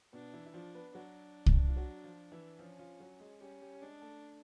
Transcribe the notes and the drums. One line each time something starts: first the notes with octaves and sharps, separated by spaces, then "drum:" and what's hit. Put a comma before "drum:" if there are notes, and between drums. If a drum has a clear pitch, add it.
B2 B3 D4
E3 E4
E4
F3 D4 F4
B3 B4
F#3 D4 F#4
drum: kick C2
F4
F#3 F#4
F3 F4
E3 E4
F3 C#4 F4
F3 F4
F#3 F#4
G#3 G#4
G3 C#4 G4
G3 G4
G4
G#3 D4 G#4
A3 A4